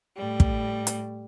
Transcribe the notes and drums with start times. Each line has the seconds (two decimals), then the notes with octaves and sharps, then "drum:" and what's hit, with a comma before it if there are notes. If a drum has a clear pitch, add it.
0.16 A2 G3
0.40 drum: kick
0.87 drum: hi-hat